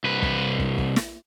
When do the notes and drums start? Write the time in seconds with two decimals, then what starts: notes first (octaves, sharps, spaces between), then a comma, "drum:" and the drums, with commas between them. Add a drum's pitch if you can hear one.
0.04 C2 B4
0.23 drum: kick
0.59 drum: kick
0.78 drum: kick
0.96 drum: snare